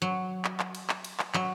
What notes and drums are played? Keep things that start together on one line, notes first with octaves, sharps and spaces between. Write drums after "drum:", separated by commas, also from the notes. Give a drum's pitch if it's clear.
F#3
drum: clap
drum: clap
drum: cymbal
drum: clap
drum: cymbal
drum: clap
F#3, drum: clap